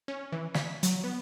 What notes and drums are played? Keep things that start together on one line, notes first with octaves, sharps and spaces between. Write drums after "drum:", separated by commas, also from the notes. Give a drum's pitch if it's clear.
C#4
E3
B6, drum: snare
F#3, drum: hi-hat
B3